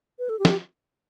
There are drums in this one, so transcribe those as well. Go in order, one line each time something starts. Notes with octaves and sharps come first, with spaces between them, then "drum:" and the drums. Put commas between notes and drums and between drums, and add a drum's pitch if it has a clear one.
B4
A4
G4
A4, drum: snare
G4